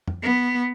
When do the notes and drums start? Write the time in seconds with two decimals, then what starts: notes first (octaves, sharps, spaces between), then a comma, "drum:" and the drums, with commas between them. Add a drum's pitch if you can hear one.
0.08 drum: tom
0.22 B3